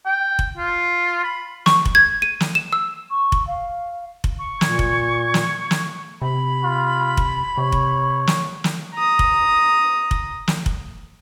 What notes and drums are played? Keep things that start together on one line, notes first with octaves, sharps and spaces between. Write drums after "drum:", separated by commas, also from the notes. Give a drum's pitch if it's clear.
G5
drum: kick F1
F4
B5
C#6, drum: snare
drum: kick F1
G#6
D#7
drum: snare
E7
E6
C#6
drum: kick F1
F5
drum: kick F1
C#6
A#2 G#6, drum: snare
drum: kick F1
drum: snare
drum: snare
C3 B5
F4
drum: kick F1
C3 C#5
drum: kick F1
drum: snare
drum: snare
A#5 D#6
drum: kick F1
drum: kick F1
drum: snare
drum: kick F1